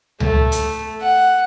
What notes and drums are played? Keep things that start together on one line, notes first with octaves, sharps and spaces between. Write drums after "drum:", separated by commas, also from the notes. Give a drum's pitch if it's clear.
A3, drum: tom C#2
drum: hi-hat
F#5